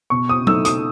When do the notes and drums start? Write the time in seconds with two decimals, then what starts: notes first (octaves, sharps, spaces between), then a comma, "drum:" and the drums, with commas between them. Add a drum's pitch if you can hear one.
0.10 B2 C#6
0.29 D#6
0.47 A3 D#4 E6, drum: tom
0.65 D#6, drum: hi-hat